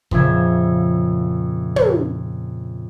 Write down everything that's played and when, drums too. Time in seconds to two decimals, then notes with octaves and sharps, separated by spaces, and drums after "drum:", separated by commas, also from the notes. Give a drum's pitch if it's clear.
0.11 F2 A#2 C#3 F3 E5 G#6, drum: kick
1.76 drum: tom